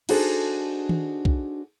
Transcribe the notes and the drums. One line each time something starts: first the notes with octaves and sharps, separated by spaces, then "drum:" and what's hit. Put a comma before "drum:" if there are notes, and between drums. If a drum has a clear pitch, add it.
D4 D#4 F#4 G#4 A4 C5, drum: cymbal
drum: tom D#3
drum: kick